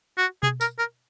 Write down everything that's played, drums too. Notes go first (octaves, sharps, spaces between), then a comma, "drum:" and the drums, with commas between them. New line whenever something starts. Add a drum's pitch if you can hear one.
F#4
G#4, drum: tom B2
A#4, drum: tambourine
A#4